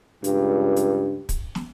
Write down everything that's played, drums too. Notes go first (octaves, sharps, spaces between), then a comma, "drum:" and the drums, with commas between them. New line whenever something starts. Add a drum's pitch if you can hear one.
C#2 G2, drum: hi-hat
drum: hi-hat
drum: kick, hi-hat
drum: snare